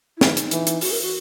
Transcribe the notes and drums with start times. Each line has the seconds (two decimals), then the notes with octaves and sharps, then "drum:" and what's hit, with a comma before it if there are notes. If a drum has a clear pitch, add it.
0.17 E4
0.21 E3 D#4, drum: snare
0.37 drum: hi-hat
0.51 E3, drum: hi-hat
0.67 drum: hi-hat
0.81 F#4, drum: open hi-hat
0.91 A#4
1.02 F#4